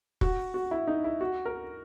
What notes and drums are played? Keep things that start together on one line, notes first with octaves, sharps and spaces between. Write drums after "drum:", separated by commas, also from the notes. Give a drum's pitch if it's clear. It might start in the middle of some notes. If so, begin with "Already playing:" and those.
F#4, drum: kick
F#4
E4
D#4
E4
F#4
A#4